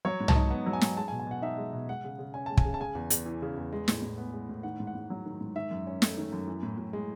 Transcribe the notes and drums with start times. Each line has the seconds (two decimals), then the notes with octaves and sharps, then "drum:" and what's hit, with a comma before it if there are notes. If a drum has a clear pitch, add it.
0.05 F#3 C#5
0.20 G#2
0.28 A5, drum: tom
0.35 D#4
0.50 B3
0.66 F#3
0.73 G#5
0.81 G#2, drum: snare
0.97 G#3 A5
1.08 G#5
1.12 B2
1.20 G#5
1.27 B2 F#5
1.42 D#4 E5
1.58 G#3
1.73 B2
1.88 G#3 F#5
2.04 C#3
2.19 C#3
2.34 C#4 G#5
2.46 G#3 A5
2.57 G#5, drum: kick
2.65 C#3
2.74 A5
2.80 C#3 G#5
2.95 E2
3.10 E2, drum: hi-hat
3.26 E3
3.42 C#3
3.57 E2
3.72 G#3
3.88 A2, drum: snare
4.02 A2
4.18 B3
4.33 G#3
4.49 A2
4.63 D#3 F#5
4.80 G#2
4.87 F#5
4.95 G#2
5.10 F#3
5.26 D#3
5.41 G#2
5.56 D#3 E5
5.71 F#2
5.87 C#4
6.02 A3, drum: snare
6.18 D#3
6.32 F#2
6.47 E3
6.63 A2
6.78 A2
6.93 G#3